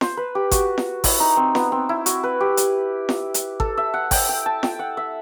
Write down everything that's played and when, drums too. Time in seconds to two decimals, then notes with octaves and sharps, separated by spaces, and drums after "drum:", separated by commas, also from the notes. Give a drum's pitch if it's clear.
0.01 C5, drum: snare
0.17 B4
0.35 G4
0.51 F#4, drum: kick, hi-hat
0.78 drum: snare
1.04 E4, drum: kick, open hi-hat
1.20 D#4
1.37 C4
1.55 B3, drum: snare
1.72 C4
1.89 E4
2.06 F#4, drum: hi-hat
2.23 B4
2.40 G4
2.57 drum: hi-hat
3.09 drum: snare
3.34 drum: hi-hat
3.60 A4, drum: kick
3.77 E5
3.94 F#5
4.11 G5, drum: kick, open hi-hat
4.29 G5
4.46 A5
4.63 G5, drum: snare
4.79 F#5
4.97 E5